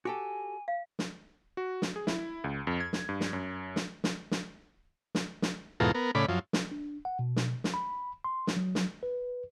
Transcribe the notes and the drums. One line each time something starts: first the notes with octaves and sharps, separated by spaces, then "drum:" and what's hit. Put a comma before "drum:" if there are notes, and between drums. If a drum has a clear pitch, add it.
F#4 G4 A4 G#5 D6
F5
drum: snare
F#4
drum: snare
G#4
E4, drum: snare
C#2
F2
G#6
drum: snare
G2
drum: snare
F#2
drum: snare
drum: snare
drum: snare
drum: snare
drum: snare
E2 G#2 B2 F4 A4 A#5
B3 A#4
A2 C#3 D5 B5
F#2 F3
drum: snare
D4
F#5
B2
drum: snare
drum: snare
B5
C6
drum: snare
F#3
drum: snare
B4